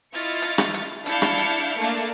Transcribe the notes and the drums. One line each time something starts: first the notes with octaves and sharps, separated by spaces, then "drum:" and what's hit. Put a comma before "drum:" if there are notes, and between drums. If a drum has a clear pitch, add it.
E4 F4 D#5 C#6 F6 A6
drum: hi-hat
drum: rim click
drum: hi-hat
D4 E4 F5 G6 C#7, drum: hi-hat
drum: rim click
drum: hi-hat
A3 A#3 D4 F5